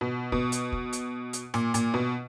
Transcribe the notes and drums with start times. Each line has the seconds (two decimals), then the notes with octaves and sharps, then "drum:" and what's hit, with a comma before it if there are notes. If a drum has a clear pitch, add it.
0.01 B2
0.32 B2, drum: kick
0.52 drum: hi-hat
0.72 drum: kick
0.93 drum: hi-hat
1.33 drum: hi-hat
1.54 A#2, drum: rim click
1.74 A#2, drum: hi-hat
1.94 B2